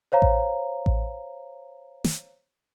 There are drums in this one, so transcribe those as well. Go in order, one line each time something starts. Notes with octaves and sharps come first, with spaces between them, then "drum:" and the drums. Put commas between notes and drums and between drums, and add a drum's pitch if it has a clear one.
C5 C#5 F5 A#5
drum: kick A1
drum: kick A1
drum: snare